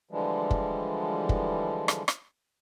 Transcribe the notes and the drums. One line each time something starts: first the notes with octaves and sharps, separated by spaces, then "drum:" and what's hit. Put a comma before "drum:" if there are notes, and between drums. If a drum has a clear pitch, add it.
D3 E3 F3 G3 G#3
drum: kick
drum: kick
drum: rim click
drum: rim click